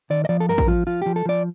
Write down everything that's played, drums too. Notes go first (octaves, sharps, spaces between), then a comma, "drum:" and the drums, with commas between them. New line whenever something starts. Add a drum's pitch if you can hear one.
D#3 D5
D#5
F3 D5
A4
G2 A#4
drum: kick A1
F3 F4
F3 F4
F3 G4
A4
F3 D5